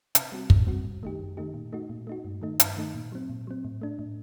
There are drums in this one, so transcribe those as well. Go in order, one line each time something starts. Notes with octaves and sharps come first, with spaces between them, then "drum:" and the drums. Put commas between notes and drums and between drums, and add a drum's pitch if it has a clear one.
C3, drum: hi-hat
G3 C4 F#4
C3, drum: kick
G3 C4 F#4
F#2
D#3 A3 D#4 G4
F#2
D#3 A3 D#4 G4
A#2
A3 D#4 F#4
A#2
A3 D#4 F#4
G2
D#3 A3 D#4
G2, drum: hi-hat
D#3 A3 D#4
A#2
F#3 C4
A#2
F#3 C4
A2
A3 D4
A2